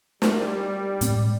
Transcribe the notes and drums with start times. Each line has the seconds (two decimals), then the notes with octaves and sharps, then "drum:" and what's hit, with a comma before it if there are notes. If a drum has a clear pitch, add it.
0.22 G3, drum: snare
1.01 A2 G#3 C4, drum: hi-hat